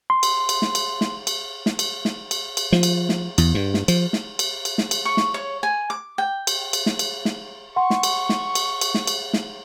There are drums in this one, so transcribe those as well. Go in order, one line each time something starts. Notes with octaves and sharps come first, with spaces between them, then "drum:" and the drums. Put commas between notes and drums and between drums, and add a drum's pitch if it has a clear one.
C6
drum: cymbal
drum: cymbal
drum: snare
drum: cymbal
drum: snare
drum: cymbal
drum: snare
drum: cymbal
drum: snare
drum: cymbal
drum: cymbal
F3, drum: snare
drum: cymbal
drum: snare
E2, drum: cymbal
G2
drum: snare
F3, drum: cymbal
drum: snare
drum: cymbal
drum: cymbal
drum: snare
drum: cymbal
C#6
drum: snare
C#5
G#5
D6
G5
drum: cymbal
drum: cymbal
drum: snare
drum: cymbal
drum: snare
F#5 C6 C#6
drum: snare
drum: cymbal
drum: snare
drum: cymbal
drum: cymbal
drum: snare
drum: cymbal
drum: snare